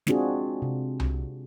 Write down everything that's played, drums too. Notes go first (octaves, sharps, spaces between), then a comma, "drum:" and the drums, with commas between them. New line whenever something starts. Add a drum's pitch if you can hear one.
G#3 C4 D4 F4 F#4 G#4, drum: snare
C3
drum: tom C2